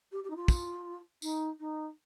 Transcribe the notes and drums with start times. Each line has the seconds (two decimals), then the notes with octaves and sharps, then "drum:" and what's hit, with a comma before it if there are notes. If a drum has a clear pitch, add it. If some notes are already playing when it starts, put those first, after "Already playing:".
0.12 G4
0.24 G4
0.30 D#4
0.36 F4
0.48 drum: kick, tambourine
1.22 D#4, drum: tambourine
1.60 D#4